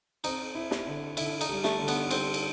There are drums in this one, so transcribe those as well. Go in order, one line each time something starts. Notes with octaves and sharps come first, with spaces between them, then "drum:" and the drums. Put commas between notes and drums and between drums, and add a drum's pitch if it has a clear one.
C4 D#4, drum: cymbal
E4
drum: snare
D3
D3 E4, drum: cymbal
D#4, drum: cymbal
G3
A3, drum: snare
D3
B3, drum: cymbal
G3 C4, drum: cymbal
drum: cymbal